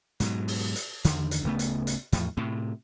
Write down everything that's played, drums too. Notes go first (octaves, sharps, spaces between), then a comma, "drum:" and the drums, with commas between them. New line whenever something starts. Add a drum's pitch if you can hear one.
G#2 B2 F#3, drum: hi-hat
drum: open hi-hat
drum: hi-hat
E2 D3 D#3, drum: hi-hat
drum: hi-hat
D1 C#3 A3 B3
drum: hi-hat
drum: hi-hat
E2 A2 F3, drum: hi-hat
A2 C3